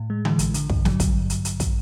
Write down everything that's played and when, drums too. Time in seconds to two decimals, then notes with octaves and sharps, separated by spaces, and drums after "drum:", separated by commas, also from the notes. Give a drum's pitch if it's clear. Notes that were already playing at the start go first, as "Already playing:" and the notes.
Already playing: A2
0.10 G#3
0.25 E3, drum: tom D3
0.39 A1, drum: hi-hat
0.54 D3, drum: hi-hat
0.70 G2, drum: kick
0.85 F#3, drum: snare
1.00 G2, drum: kick, hi-hat
1.30 drum: hi-hat
1.45 drum: hi-hat
1.60 drum: kick, hi-hat